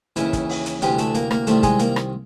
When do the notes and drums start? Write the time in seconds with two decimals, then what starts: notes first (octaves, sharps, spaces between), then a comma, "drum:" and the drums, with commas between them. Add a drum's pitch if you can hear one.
0.16 D#2 C#3 E3 E4, drum: hi-hat
0.33 drum: kick, hi-hat
0.49 drum: open hi-hat
0.66 drum: hi-hat
0.82 D2 C3 E3 G3 G4, drum: hi-hat
0.98 A3 A4, drum: hi-hat
1.14 A#3 A#4, drum: hi-hat
1.31 A#3 A#4, drum: rim click
1.47 C2 C3 D#3 A3 A4, drum: hi-hat
1.63 G#3 G#4, drum: kick, hi-hat
1.79 A#3 A#4, drum: hi-hat
1.96 drum: rim click